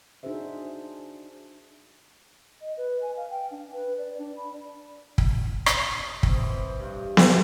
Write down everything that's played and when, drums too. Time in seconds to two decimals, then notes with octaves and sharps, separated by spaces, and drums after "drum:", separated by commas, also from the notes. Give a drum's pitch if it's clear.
0.23 D4 D#4 F#4 G#4 C5 E5
2.61 D#5
2.77 B4
3.02 G#5
3.16 F5
3.30 G5
3.51 D4
3.72 B4
3.98 D5
4.19 D4
4.36 B5
4.53 D5
5.18 drum: kick
5.66 drum: rim click
5.95 D#5
6.23 C4, drum: kick
6.36 E3
6.80 G2
7.17 A#3, drum: snare B3